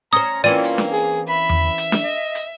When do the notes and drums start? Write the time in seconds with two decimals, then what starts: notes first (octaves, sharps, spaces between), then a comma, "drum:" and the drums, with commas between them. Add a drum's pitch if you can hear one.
0.13 C#4 C5 A#5 D#6
0.44 E3 A#3 C4 C#4 F4 D5 D#7
0.64 drum: hi-hat
0.78 drum: snare D4
0.92 G#4
1.29 E5 B5
1.49 drum: tom E2
1.78 drum: hi-hat
1.92 drum: snare D4
2.04 D#5
2.35 drum: hi-hat